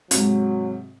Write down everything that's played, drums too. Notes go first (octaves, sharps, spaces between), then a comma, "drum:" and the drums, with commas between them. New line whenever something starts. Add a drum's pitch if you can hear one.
G#2 C3 F#3, drum: hi-hat